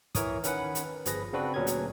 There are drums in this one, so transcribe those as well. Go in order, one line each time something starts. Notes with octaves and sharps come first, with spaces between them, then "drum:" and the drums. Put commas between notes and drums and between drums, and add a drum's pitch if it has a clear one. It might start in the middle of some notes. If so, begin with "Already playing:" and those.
E3 A#4 C#5 D#6, drum: kick, hi-hat
D#3 C#4 B4 F#5, drum: hi-hat
drum: hi-hat
G1 F3 G#4 B4 A#6, drum: hi-hat
C#3 C4 D4 F#4 B4
D2 A#2 F#3 C#4 G#4 G#6
drum: hi-hat